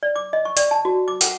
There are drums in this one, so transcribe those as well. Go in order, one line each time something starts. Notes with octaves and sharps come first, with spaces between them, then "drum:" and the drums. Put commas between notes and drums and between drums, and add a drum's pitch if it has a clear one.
D5
D6
D#5
C#6
D5, drum: hi-hat
A5
F#4
D6
F#5, drum: hi-hat